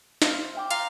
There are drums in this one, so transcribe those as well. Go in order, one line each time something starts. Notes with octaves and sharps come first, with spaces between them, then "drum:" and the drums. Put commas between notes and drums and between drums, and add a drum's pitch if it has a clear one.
C5 E5 F5, drum: snare
E5 G5 D6
F5 A#5, drum: hi-hat